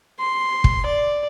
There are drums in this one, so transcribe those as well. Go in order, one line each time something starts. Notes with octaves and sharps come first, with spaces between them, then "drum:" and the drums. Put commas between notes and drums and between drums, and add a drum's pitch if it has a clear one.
C6
drum: kick
D5